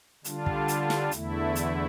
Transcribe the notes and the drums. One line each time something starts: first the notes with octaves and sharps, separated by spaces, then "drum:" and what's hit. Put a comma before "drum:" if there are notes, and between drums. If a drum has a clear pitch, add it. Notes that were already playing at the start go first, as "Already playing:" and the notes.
D3 G3 D4 F4, drum: hi-hat
drum: kick
drum: hi-hat
drum: snare
E2 D3 A3 E4, drum: hi-hat
drum: hi-hat